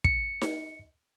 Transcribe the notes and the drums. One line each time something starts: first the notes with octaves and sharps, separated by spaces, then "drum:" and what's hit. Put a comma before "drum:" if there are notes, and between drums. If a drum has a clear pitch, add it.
C#7, drum: kick
drum: snare D#4